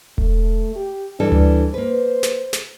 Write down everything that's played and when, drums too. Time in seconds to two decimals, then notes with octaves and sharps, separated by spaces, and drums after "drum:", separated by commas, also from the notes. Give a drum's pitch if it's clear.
0.18 A3, drum: kick E1
0.75 G4
1.20 E3 G3 D4 A4
1.32 drum: tom D2
1.74 A#3 B4 C5
2.23 drum: snare
2.53 drum: snare